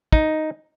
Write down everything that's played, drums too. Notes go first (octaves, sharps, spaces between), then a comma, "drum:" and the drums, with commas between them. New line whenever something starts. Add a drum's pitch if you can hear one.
D#4, drum: kick